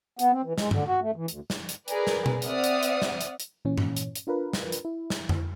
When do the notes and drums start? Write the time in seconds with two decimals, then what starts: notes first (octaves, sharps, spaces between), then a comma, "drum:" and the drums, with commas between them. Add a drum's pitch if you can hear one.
0.19 B3, drum: hi-hat
0.32 C4
0.44 E3
0.58 G#3, drum: snare
0.71 D3, drum: tom G2
0.87 F#4
1.01 A3
1.16 E3
1.28 D2, drum: hi-hat
1.50 drum: snare
1.69 drum: hi-hat
1.88 G#4 A#4 B4 D5, drum: hi-hat
2.07 drum: snare
2.26 drum: tom B2
2.42 C4 D5 E5 F#5 D#6 F6, drum: hi-hat
2.64 drum: hi-hat
2.83 drum: hi-hat
3.02 drum: snare
3.21 drum: hi-hat
3.40 drum: hi-hat
3.65 A#2 E3 C#4
3.78 drum: tom G2
3.97 drum: hi-hat
4.15 drum: hi-hat
4.27 D4 F4 A#4 B4
4.53 drum: snare
4.72 drum: hi-hat
4.85 E4
5.10 drum: snare
5.29 drum: tom F2